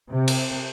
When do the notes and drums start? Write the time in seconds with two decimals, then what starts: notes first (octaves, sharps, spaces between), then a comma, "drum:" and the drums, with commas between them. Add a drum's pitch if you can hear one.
0.12 C3
0.28 drum: cymbal